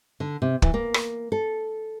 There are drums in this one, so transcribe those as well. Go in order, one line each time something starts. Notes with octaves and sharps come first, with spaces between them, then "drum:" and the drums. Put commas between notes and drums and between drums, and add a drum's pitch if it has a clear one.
D3
C3
E3, drum: kick
A#3
drum: rim click
A4